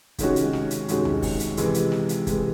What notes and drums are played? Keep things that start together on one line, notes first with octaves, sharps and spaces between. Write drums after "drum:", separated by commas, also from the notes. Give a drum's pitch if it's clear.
C3 D#3 G#3 C#4 F#4, drum: kick, hi-hat
drum: hi-hat
drum: snare
drum: hi-hat
C3 D#3 G#3 C#4 F#4, drum: hi-hat
drum: tom D#2
drum: kick, open hi-hat
drum: hi-hat
C3 E3 G#3, drum: hi-hat
drum: hi-hat
drum: snare
drum: hi-hat
C3 E3 G#3, drum: kick, hi-hat